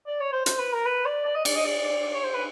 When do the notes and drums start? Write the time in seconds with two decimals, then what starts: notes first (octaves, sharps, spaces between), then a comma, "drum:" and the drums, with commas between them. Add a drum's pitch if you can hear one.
0.07 D5
0.20 C#5
0.33 C5
0.46 C5, drum: hi-hat
0.59 B4
0.73 A#4
0.86 B4
1.06 D5
1.25 D5
1.35 D#5
1.45 D5, drum: cymbal
1.56 D#5
1.65 D5
1.85 D5
2.05 D5
2.14 C#5
2.24 C5
2.35 B4